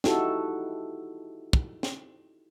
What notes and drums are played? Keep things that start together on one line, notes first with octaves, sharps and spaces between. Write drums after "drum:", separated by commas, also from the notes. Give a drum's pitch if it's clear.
D#4 E4 F#4 G4 A4, drum: snare
drum: kick
drum: snare